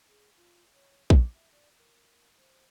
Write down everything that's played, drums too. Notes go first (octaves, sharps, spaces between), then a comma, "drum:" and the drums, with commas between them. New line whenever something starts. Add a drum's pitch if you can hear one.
G#4
F4
C#5
D6, drum: kick A#1
E5
D5
A#4
C5